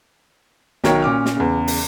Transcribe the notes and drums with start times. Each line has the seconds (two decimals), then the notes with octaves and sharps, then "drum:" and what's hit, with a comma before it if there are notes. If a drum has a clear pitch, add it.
0.84 B1 D#3 A#4 C#5 G5, drum: snare
1.02 A#2 C#4 D6 F6
1.26 drum: snare
1.37 E2 C#3
1.68 drum: open hi-hat